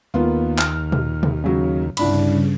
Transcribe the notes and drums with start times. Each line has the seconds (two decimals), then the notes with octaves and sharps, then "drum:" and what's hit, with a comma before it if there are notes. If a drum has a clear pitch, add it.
0.14 D#2 A#3 B3 F4
0.59 F6, drum: clap
0.92 drum: tom A#2
1.23 drum: tom B2
1.44 C#3 F#3
1.97 C2 G2 C#3 D4 B5, drum: cymbal